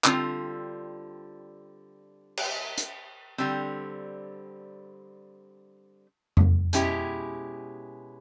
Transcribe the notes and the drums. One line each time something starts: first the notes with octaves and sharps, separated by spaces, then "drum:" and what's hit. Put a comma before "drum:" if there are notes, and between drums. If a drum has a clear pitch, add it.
D3 G3 C4 F4, drum: clap
drum: cymbal
drum: hi-hat
D3 G3 C4
drum: tom F2
B2 G#3 C#4 E4 G4, drum: hi-hat